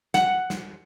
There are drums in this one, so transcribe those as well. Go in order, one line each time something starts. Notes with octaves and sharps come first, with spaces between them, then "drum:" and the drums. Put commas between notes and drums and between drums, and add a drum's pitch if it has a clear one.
F#5, drum: snare
drum: snare